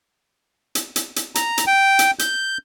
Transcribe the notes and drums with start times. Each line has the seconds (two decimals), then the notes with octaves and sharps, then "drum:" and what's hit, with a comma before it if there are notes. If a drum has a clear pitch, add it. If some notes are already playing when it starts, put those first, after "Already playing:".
0.75 drum: hi-hat
0.96 drum: hi-hat
1.16 drum: hi-hat
1.35 A#5, drum: hi-hat
1.58 drum: hi-hat
1.67 G5
1.99 drum: hi-hat
2.19 G6, drum: hi-hat